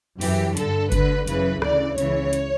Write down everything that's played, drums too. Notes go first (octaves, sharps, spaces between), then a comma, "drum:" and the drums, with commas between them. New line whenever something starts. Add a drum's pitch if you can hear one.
F#2 E3 G4, drum: open hi-hat
G2 D3 A4, drum: hi-hat
D2 D3 B4, drum: kick G1, hi-hat
F#2 C#3 E3 B4, drum: hi-hat
D2 C#3 E3 D5, drum: rim click
C#2 C#3 E3 C#5, drum: hi-hat
drum: hi-hat